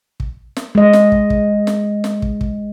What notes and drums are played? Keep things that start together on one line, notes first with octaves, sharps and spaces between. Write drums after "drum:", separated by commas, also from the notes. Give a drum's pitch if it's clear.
drum: kick
drum: snare
G#3 D#5
drum: snare
drum: kick
drum: kick
drum: snare
drum: snare
drum: kick
drum: kick